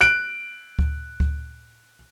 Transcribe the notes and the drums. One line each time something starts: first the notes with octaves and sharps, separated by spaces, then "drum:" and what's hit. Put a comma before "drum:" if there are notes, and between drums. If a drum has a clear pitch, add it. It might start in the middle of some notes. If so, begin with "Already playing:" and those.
F#6 D7
drum: kick D2
drum: kick D2